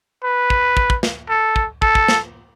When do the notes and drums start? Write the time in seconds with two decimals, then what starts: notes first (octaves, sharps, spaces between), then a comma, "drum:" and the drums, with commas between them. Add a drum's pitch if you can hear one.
0.24 B4
0.50 drum: kick
0.77 drum: kick
0.90 drum: kick
1.03 drum: snare
1.29 A4
1.56 drum: kick
1.82 A4, drum: kick
1.95 drum: kick
2.08 drum: snare